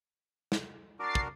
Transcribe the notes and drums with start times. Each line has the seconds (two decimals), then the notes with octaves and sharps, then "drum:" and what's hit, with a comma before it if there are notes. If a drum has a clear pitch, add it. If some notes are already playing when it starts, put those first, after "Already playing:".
0.52 drum: snare
0.99 D4 F#4 A#4 D6 A6 C7
1.15 drum: kick